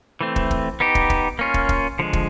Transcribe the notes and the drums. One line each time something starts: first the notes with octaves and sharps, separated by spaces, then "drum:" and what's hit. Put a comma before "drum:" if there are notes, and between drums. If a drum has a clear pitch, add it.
E3 A3 C4
drum: kick
drum: kick
B3 D#4 G4
drum: kick
drum: kick
A#3 C#4 F4
drum: kick
drum: kick
D3 F3 G#3
drum: kick